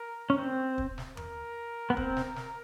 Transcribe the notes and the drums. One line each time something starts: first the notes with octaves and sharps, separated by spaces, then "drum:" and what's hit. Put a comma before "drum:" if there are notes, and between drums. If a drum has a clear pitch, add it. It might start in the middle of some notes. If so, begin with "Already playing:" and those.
Already playing: A#4
C#4
C4
drum: kick
drum: snare
A#4, drum: tom E2
B3
C4, drum: kick
drum: snare
drum: snare